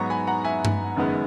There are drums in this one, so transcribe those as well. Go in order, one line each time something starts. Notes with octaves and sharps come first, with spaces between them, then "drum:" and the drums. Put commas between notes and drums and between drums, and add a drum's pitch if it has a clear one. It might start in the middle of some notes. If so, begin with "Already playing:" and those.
Already playing: G#2 F#3 B3 D#4 A#5 C#6
G#5 B5
F#5 A#5
E5 G#5
drum: tom G2
F#1 F#2 D#3 G#3 B3